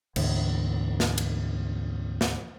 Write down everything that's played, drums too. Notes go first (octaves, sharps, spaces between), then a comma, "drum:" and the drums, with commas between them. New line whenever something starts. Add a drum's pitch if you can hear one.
D2 G#2 D3 E3, drum: cymbal
drum: snare
drum: cymbal
drum: snare